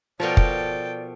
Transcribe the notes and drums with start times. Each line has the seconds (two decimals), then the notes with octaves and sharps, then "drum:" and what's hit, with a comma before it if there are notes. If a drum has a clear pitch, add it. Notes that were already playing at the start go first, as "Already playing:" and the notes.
0.20 B2 F3 A4 A#4 C#5 D5 G5
0.37 drum: kick